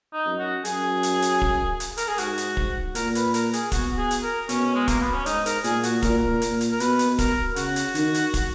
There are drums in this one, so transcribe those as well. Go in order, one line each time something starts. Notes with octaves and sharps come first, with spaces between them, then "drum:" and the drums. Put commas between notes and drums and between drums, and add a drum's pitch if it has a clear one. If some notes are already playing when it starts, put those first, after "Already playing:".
D#4
F#2
F#4
F#2 G#4, drum: hi-hat
drum: hi-hat
drum: hi-hat
drum: kick
drum: hi-hat
A#4, drum: hi-hat
G#4
G#2 F#4, drum: hi-hat
drum: hi-hat
drum: kick
A#2 A#4, drum: hi-hat
B4, drum: hi-hat
A#4, drum: hi-hat
G#4, drum: hi-hat
B2 F#4, drum: kick, hi-hat
G#4
drum: hi-hat
A#4
B2 C#4, drum: hi-hat
G#3
A#3, drum: kick, hi-hat
B3
C#4
G#2 D#4, drum: hi-hat
A#4, drum: hi-hat
A#2 G#4, drum: hi-hat
F#4, drum: hi-hat
A#2 A#4, drum: kick, hi-hat
A#2, drum: hi-hat
drum: hi-hat
A#4
B2 B4, drum: hi-hat
drum: hi-hat
A#4, drum: kick, hi-hat
C#3 F#4, drum: hi-hat
drum: hi-hat
D#3, drum: hi-hat
drum: hi-hat
drum: kick, hi-hat